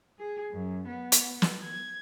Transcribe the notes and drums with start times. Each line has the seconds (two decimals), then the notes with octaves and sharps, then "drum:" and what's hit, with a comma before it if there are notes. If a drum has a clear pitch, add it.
0.19 G#4
0.52 F#2
0.87 B3
1.12 drum: hi-hat
1.42 drum: snare
1.63 G#6